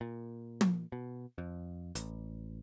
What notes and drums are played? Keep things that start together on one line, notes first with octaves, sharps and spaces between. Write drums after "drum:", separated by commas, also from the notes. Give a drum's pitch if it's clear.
A#2
drum: tom
B2
F2
A1, drum: hi-hat